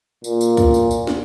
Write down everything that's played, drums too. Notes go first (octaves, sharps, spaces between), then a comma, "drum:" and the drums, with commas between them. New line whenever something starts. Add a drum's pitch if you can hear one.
A#2, drum: tambourine
drum: tambourine
drum: kick, tambourine
drum: tambourine
drum: tambourine
drum: snare